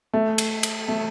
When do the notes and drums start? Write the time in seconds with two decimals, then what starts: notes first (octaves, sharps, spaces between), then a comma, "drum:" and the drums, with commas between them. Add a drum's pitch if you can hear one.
0.13 A3
0.38 drum: cymbal
0.63 drum: cymbal
0.88 A3